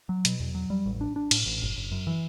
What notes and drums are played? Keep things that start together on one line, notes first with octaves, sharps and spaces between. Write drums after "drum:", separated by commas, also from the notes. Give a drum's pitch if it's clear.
F#3
B2, drum: hi-hat
E2
F#3
G3
A1
D4
D4
A2, drum: cymbal
A1
F#1
F#1
F#2
E3